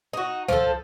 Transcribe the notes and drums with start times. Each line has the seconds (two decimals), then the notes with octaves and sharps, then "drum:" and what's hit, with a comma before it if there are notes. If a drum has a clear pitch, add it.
0.13 D#4 F#4
0.48 F3 A4, drum: tom